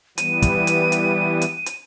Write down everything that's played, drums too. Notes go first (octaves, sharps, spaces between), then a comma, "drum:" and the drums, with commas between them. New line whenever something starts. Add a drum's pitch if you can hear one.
E3 G3 B3 D#7, drum: hi-hat
drum: kick, hi-hat
drum: hi-hat
drum: hi-hat
drum: hi-hat
drum: hi-hat